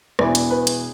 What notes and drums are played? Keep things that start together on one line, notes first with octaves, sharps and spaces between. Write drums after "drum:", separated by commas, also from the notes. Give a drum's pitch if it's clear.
E1 E2 E3 B3 E4 D5, drum: rim click
drum: hi-hat
B4
drum: hi-hat